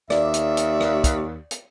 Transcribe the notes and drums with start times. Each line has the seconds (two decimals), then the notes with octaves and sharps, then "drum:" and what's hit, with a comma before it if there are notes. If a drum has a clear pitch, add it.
0.10 D#2 D5 E5, drum: rim click
0.34 drum: hi-hat
0.57 drum: hi-hat
0.80 drum: rim click
1.04 drum: kick, hi-hat
1.51 drum: hi-hat